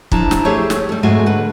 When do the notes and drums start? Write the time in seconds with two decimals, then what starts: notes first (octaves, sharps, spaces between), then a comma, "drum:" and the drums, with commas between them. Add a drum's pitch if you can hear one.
0.12 F3 D4 E4 A5 A#5, drum: kick
0.31 drum: snare
0.45 A3 G4 G#4 C5 C#5 E5
0.70 drum: snare
0.89 G3 A3
1.03 F2 G#2 G#3 A3 F#4 G#5
1.26 D3 B4